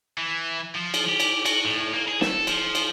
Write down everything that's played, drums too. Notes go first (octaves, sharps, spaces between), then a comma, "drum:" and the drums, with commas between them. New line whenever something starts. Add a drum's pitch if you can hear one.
E3
F3
drum: cymbal
G4
drum: cymbal
F#4, drum: cymbal
A2
A#3
G#4
A4, drum: snare
F3, drum: cymbal
drum: cymbal